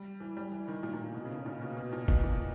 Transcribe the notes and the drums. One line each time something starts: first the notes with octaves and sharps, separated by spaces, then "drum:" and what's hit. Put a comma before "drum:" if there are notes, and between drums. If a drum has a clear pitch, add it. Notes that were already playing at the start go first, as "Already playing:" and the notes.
Already playing: G3
E3
G3
E3
D#3
A#2
A#2
A#2
B2
C#3
C#3
A#2
B2
B2
A#2
B2, drum: kick
A#2